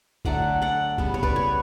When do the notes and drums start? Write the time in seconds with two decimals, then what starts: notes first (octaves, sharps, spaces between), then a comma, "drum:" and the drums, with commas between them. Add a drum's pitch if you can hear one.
0.25 D3 F#3 A3 D5 F#5, drum: kick B1
0.62 D5 F#5
0.98 C#3 G3 B3, drum: kick B1
1.14 C#5
1.23 B4 D5, drum: kick B1
1.36 C#5